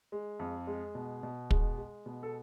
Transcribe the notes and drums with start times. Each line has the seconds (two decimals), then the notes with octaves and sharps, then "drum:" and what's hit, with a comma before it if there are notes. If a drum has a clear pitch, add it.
0.12 G#3
0.39 F2
0.67 G#3
0.95 B2
1.23 B2
1.51 G#3, drum: kick
1.78 G#3
2.06 B2
2.23 A4